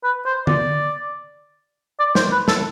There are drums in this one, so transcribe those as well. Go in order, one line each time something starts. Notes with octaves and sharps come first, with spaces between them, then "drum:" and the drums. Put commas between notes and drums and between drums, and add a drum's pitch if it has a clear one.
B4
C5
D5, drum: tom D3
D5
C5, drum: snare
B4
A4, drum: snare